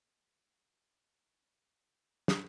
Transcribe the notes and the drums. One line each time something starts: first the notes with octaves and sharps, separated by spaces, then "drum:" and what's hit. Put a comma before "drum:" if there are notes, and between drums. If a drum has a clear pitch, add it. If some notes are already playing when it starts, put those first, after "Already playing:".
A#2 D#5
drum: snare